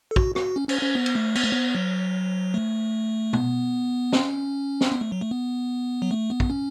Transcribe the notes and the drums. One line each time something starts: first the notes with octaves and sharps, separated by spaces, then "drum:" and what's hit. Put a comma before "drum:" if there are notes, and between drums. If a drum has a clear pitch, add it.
A4
F#4, drum: kick
F#4, drum: rim click
C#4
C#4, drum: cymbal
C#4
B3
drum: cymbal
A3
B3, drum: cymbal
A3
B3
F#3
A3
B3, drum: tom
C#4, drum: snare
drum: snare
B3
A3
F#3
A3
B3
F#3
A3
B3
drum: kick
C#4